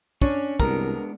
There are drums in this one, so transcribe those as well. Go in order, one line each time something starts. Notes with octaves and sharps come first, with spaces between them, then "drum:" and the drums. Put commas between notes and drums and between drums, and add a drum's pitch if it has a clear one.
C#4 D4 C#5, drum: kick
C2 G#3 B3 D4 A#4 A#5, drum: kick